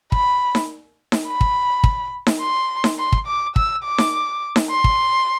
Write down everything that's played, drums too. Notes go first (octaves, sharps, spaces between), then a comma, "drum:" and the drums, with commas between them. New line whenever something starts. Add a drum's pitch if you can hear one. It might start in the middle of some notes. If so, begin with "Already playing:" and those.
B5, drum: kick
drum: snare D#4
drum: snare D#4
B5
drum: kick
drum: kick
drum: snare D#4
C6
drum: snare D#4
C6
drum: kick
D6
E6, drum: kick
D6
drum: snare D#4
drum: snare D#4
C6
drum: kick